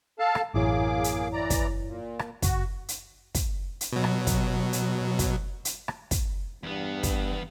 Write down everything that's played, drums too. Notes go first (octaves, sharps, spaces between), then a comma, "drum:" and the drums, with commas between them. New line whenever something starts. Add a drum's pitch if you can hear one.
A4 F5 A5
drum: rim click
A1 F#2 A#3 E4 G#4 C#5 D6
drum: hi-hat
E3 D5 A#5
drum: kick, hi-hat
A#2
drum: rim click
F#1 F#4, drum: kick, hi-hat
drum: hi-hat
drum: kick, hi-hat
drum: hi-hat
B2 F#3
drum: rim click
drum: kick, hi-hat
drum: hi-hat
drum: kick, hi-hat
drum: hi-hat
drum: rim click
drum: kick, hi-hat
E2 G2 B3
drum: kick, hi-hat